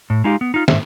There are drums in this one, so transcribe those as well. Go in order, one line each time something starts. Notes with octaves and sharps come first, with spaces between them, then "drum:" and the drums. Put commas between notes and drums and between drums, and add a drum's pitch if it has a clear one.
A2
G#3 D#4 F4 G4
B3
D#4 F4
G#2 G#3 E5, drum: snare